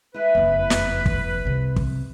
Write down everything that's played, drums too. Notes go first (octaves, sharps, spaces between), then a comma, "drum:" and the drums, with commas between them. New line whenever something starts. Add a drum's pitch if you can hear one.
G#3 E4 B4
F#1 F2
drum: snare
drum: kick
C2 C3
drum: kick